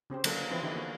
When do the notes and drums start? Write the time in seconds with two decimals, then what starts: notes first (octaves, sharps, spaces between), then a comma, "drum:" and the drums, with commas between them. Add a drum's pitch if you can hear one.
0.10 C#3 C4 G4 C5
0.24 D3 F#3 A#3 A4 A#4, drum: cymbal
0.50 E3 F3 B3 C4 E4 B4
0.63 D3 D#4 E4 G4 A#4 B4
0.75 A#3 F#4